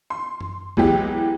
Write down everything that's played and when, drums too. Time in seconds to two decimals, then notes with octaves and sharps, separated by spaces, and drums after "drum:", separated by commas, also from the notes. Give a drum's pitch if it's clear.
0.10 C6
0.41 drum: tom F#2
0.77 E3 F#3 G#3 B3 G4, drum: kick C2